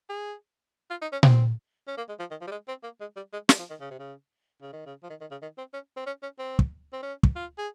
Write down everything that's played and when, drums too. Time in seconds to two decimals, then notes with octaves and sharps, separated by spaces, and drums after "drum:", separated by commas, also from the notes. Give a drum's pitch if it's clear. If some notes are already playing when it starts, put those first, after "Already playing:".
0.09 G#4
0.90 F4
1.02 D#4
1.12 C#4
1.23 C4, drum: tom A#2
1.87 C#4
1.97 A#3
2.09 G#3
2.19 F3
2.30 D#3
2.41 F3
2.47 G3
2.51 G#3
2.68 C4
2.83 A#3
3.00 G#3
3.16 G3
3.33 G#3
3.49 G3, drum: snare
3.59 F3
3.70 D#3
3.80 C#3
3.90 C3
3.99 C#3
4.62 C#3
4.73 D#3
4.86 C#3
5.03 F3
5.10 D#3
5.21 D#3
5.31 C#3
5.42 D#3
5.58 C4
5.74 C#4
5.96 C4
6.06 C#4
6.23 C#4
6.39 C4
6.59 drum: kick
6.93 C4
7.03 C#4
7.23 drum: kick
7.35 F4
7.58 G#4